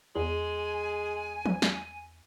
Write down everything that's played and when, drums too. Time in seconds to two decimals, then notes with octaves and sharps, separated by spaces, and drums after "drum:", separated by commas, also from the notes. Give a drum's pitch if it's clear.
0.16 E2 G#3 G#5
1.46 drum: tom E3
1.62 drum: snare